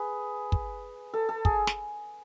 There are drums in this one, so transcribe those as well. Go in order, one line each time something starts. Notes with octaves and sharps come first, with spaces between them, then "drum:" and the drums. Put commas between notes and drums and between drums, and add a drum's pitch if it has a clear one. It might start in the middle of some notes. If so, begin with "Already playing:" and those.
Already playing: G#4 B4
drum: kick
A4
A4
G#4, drum: kick
drum: snare